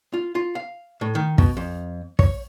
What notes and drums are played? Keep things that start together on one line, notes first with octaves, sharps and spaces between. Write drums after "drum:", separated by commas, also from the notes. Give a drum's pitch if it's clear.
F4
F4
F5
A2
D#3
B2, drum: kick
F2
C#5, drum: kick